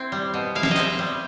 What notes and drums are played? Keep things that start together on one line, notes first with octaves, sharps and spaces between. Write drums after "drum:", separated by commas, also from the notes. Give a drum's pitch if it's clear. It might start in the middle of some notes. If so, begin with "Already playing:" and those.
Already playing: C4 E4
G3
B2
E4 F5
E5, drum: snare
D#5
C4 E5, drum: clap
G3